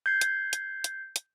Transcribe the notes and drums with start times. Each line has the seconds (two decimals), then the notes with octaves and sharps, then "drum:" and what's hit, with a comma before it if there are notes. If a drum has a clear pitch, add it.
0.06 G6 G#6 C7
0.21 drum: hi-hat
0.53 drum: hi-hat
0.84 drum: hi-hat
1.16 drum: hi-hat